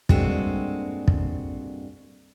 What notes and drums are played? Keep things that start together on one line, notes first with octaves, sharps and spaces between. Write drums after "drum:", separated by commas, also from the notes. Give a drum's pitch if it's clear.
G2 A#2 G#3 C4 F#4 A4, drum: kick
drum: kick